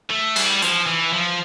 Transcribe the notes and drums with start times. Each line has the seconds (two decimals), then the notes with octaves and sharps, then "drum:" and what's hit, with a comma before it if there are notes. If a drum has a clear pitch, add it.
0.10 A3
0.36 G3, drum: cymbal
0.62 F3, drum: hi-hat
0.87 E3
1.13 F3